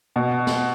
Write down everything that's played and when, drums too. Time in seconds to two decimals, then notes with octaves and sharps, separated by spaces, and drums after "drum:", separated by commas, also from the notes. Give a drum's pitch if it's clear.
0.16 B2
0.47 drum: snare